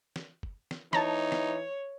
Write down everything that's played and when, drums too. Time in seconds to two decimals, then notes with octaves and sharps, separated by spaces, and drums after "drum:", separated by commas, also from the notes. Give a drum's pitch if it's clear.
0.16 drum: snare
0.43 drum: kick
0.71 drum: snare
0.93 E3 D#4 C#5 A5 A#5, drum: snare
1.32 drum: snare